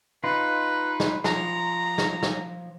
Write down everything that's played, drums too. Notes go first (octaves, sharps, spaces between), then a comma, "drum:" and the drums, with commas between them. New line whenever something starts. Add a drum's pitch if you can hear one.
D#4 F4 B4
drum: snare
F3 A#5, drum: snare
drum: snare
drum: snare